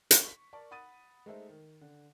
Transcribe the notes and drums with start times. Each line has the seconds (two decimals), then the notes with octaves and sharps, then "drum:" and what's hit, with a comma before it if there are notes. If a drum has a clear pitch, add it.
0.11 drum: hi-hat
0.23 C#6 B6
0.53 A#4 D5 A5 C#6
0.71 F#5 B5 D#6 A6 D#7
1.26 G#3 A3 D#4 A4 C5 E5
1.49 D#3
1.81 D3